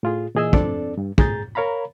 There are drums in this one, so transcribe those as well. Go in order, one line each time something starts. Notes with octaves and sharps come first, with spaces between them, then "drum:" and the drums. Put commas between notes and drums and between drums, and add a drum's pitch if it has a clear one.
A2 F4 G#4
A#2 E3 G#4 D#5 G#5 E6
F2 C4 D4 A4 D5, drum: kick
G2
A2 G#4 A#5 G6 A6, drum: kick
A#4 C#5 F5 A#5 B5